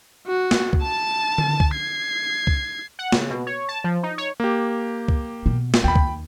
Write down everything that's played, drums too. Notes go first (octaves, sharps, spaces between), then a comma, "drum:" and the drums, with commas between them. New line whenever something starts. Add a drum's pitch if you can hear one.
F#4
drum: snare
drum: kick C#2
A5 A6
drum: tom D3
drum: kick C#2
G#6 C7
drum: kick C#2
F#5
C#3, drum: snare
B2
C#5
A5
F3
D#4
C#5
A#3 G4
drum: kick C#2
B2
drum: snare
D#2 G5 B5
drum: kick C#2